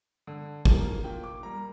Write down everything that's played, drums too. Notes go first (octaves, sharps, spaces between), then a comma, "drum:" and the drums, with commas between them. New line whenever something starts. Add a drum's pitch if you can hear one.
D3
F3 A#3, drum: kick
A#2 G5
D6
G3 A#3 A#5